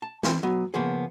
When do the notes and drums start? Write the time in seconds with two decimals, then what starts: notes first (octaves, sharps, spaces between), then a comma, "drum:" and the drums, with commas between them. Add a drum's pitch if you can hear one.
0.02 A5
0.23 E3 C4, drum: snare
0.43 F#3 B3
0.74 C#3 F3 A#3 B3 G#4